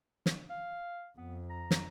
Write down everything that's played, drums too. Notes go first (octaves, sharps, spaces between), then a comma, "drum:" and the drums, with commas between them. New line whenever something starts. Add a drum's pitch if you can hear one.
drum: snare
F5
F2 B3
A#5
drum: snare